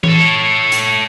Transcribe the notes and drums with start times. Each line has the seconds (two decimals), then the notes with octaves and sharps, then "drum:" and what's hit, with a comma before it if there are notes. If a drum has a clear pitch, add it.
0.04 A4 C#5, drum: tom E3
0.72 drum: hi-hat